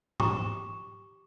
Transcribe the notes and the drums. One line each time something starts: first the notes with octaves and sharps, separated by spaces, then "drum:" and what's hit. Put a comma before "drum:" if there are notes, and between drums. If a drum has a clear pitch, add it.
G4 A#5 C#6 D6, drum: tom G#2